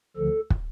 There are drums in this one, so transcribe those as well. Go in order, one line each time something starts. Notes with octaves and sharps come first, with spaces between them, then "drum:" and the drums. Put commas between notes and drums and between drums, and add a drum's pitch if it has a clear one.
D2 D3 F3 A4
drum: kick